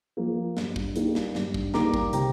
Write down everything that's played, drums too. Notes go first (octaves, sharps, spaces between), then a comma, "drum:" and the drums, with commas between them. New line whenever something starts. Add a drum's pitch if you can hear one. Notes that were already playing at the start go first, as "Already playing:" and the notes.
F3 A#3
G2, drum: snare
drum: kick
D#3 G3 A#3, drum: hi-hat
drum: snare
G2, drum: snare
drum: kick
D#3 G3 A#3 A#5 D6, drum: snare
drum: kick
C3 G5 A#5, drum: hi-hat